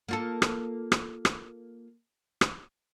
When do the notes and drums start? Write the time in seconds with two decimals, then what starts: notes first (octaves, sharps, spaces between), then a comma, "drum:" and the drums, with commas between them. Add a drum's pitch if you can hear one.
0.09 A#3 F4 A4
0.42 drum: rim click
0.92 drum: rim click
1.25 drum: rim click
2.41 drum: rim click